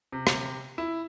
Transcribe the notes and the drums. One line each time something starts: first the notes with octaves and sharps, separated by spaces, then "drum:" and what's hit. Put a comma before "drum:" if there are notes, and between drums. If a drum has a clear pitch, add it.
C3
drum: rim click
E4